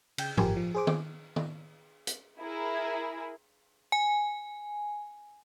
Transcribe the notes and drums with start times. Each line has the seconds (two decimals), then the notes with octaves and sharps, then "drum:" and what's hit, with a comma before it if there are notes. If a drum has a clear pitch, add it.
0.18 C#3 G5 G6, drum: cymbal
0.37 G#1 F3 G4 A#4 G#5, drum: tom G2
0.57 F3
0.75 G#4 C5 D6
0.87 drum: tom D#3
1.36 drum: tom D#3
2.07 drum: hi-hat
2.40 E4 G#4 A#4
3.92 G#5